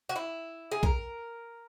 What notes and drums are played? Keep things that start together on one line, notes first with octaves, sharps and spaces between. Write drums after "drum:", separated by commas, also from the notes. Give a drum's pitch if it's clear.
F#4
E4
G#4
A#4, drum: kick